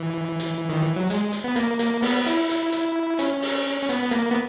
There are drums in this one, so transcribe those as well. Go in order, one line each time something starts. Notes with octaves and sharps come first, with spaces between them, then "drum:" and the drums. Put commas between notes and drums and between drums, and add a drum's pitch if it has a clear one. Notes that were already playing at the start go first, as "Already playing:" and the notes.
Already playing: E3
drum: hi-hat
D#3
E3
F#3
G#3, drum: hi-hat
drum: hi-hat
B3
A#3, drum: hi-hat
A#3, drum: hi-hat
B3, drum: open hi-hat
E4, drum: hi-hat
drum: hi-hat
drum: hi-hat
C#4, drum: hi-hat
drum: open hi-hat
C#4
B3, drum: hi-hat
B3
A#3, drum: hi-hat
B3